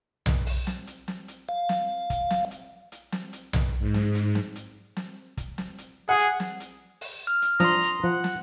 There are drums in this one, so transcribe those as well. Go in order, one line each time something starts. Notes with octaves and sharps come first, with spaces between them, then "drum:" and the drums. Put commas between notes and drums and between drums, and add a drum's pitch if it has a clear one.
drum: tom B1
drum: open hi-hat
drum: snare
drum: hi-hat
drum: snare
drum: hi-hat
F5
drum: snare
drum: kick, hi-hat
drum: snare
drum: hi-hat
drum: hi-hat
drum: snare
drum: hi-hat
drum: tom B1
G#2
drum: snare
drum: hi-hat
drum: snare
drum: hi-hat
drum: snare
drum: kick, hi-hat
drum: snare
drum: hi-hat
G#4 F#5
drum: hi-hat
drum: snare
drum: hi-hat
drum: open hi-hat
F6
drum: hi-hat
F3 D4 A#5 C6 D#6, drum: snare
drum: hi-hat
F3 F#5
drum: snare